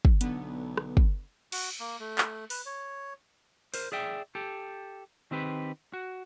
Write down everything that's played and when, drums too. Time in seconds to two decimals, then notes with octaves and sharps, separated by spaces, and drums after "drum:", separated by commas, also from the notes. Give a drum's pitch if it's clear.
0.05 drum: kick
0.21 B1 D3 B3, drum: hi-hat
0.77 drum: rim click
0.97 drum: kick
1.52 F#4, drum: cymbal
1.80 A#3
2.00 A3
2.18 drum: clap
2.50 B4, drum: open hi-hat
2.66 C#5
3.74 A#4 C5, drum: open hi-hat
3.92 G#4 D5 E5 G5
4.35 G4 A4
5.31 D#3 C4 G4 B4
5.93 F#4